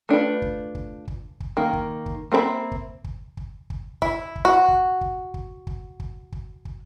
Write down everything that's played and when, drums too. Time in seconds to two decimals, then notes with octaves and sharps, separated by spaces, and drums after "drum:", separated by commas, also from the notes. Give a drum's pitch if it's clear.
0.09 A3 D4 F4 B4
0.42 drum: kick
0.75 drum: kick
1.08 drum: kick
1.40 drum: kick
1.57 D#3 A#3
1.73 drum: kick
2.06 drum: kick
2.32 A#3 C4 A4 E5 B5
2.72 drum: kick
3.04 drum: kick
3.37 drum: kick
3.70 drum: kick
4.02 E4, drum: kick
4.36 drum: kick
4.45 F#4
4.68 drum: kick
5.01 drum: kick
5.34 drum: kick
5.67 drum: kick
6.00 drum: kick
6.32 drum: kick
6.65 drum: kick